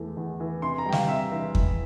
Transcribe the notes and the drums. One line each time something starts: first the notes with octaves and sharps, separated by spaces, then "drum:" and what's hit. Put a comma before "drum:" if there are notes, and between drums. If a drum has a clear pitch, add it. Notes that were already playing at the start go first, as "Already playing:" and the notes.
Already playing: E2 E3 A3
E2
E3
C3 C6
A#5
G3 G5
F5, drum: snare
C3 E5
E3 E5
E4, drum: kick E2